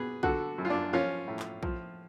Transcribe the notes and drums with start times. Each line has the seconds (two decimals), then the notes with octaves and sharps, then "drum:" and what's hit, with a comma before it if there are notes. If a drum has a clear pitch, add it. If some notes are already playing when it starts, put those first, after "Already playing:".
Already playing: B2 G#4 B4
0.23 D3 F#4 A4, drum: kick
0.58 F#2
0.65 F4
0.70 D4
0.93 F3 C#4 F4
1.27 A2
1.39 drum: clap
1.63 F3, drum: kick